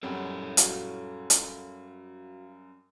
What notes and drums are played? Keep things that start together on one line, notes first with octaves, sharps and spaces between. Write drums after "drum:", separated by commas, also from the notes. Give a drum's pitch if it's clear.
F#2 G3 A4 C#5 F#5 G5
F#4 F5, drum: hi-hat
drum: hi-hat